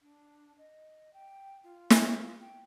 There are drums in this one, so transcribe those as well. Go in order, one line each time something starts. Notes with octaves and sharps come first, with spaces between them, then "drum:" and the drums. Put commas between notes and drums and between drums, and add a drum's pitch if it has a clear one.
D4
D#5
G5
F4
drum: snare
G5